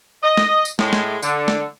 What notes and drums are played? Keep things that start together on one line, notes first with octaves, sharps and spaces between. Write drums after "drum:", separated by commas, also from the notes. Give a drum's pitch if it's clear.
D#5
drum: snare
drum: tambourine
A2 G#3, drum: snare
drum: snare
D3, drum: tambourine
drum: snare